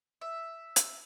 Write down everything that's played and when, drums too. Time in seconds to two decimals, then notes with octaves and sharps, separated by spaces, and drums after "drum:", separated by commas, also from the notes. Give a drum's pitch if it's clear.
0.21 E5
0.76 drum: hi-hat